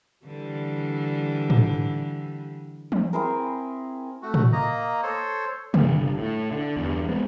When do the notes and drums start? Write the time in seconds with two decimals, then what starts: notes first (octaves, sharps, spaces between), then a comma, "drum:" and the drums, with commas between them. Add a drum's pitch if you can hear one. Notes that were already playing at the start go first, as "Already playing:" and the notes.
0.26 D3 E3 G3
1.50 drum: tom G#2
2.92 drum: tom E3
3.13 C4 E4 G#4 A#4
4.22 A3 F#4
4.34 drum: tom
4.52 A#3 D#5 A#5
5.03 A4 C5 C#5
5.74 G1, drum: tom C3
6.18 A2
6.52 D3
6.77 E2 G2
7.09 G#3 B3 C4